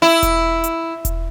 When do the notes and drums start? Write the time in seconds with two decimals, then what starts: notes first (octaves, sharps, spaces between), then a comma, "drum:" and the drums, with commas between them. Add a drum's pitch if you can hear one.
0.02 E4
0.23 drum: kick E1, hi-hat
0.64 drum: hi-hat
1.05 drum: kick E1, hi-hat